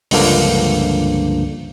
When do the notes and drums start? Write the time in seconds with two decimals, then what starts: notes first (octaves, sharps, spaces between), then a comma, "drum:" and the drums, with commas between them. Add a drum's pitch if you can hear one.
0.11 C#2 G2 D3 F3 A#3, drum: open hi-hat